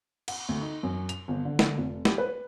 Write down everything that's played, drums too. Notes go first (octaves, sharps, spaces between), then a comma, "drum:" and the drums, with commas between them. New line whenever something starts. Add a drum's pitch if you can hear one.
F#5, drum: cymbal
D2
D#4
F#2
F7, drum: hi-hat
G1
D3
D3, drum: snare
F1
G4, drum: snare
B4